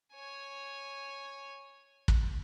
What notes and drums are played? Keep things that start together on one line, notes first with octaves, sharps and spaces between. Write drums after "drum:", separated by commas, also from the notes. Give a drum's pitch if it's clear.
C#5 G#5
drum: kick